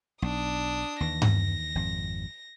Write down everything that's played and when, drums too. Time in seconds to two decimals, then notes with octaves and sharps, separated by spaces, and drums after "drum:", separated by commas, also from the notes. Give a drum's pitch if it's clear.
0.22 B1 D4 D#6
1.00 D#2 E3 A#6
1.22 drum: tom G2
1.75 G#1 F2